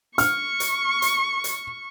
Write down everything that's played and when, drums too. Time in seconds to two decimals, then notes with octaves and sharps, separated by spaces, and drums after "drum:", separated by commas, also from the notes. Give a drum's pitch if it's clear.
0.18 C#6 F6, drum: hi-hat
0.60 drum: hi-hat
1.02 drum: hi-hat
1.44 drum: hi-hat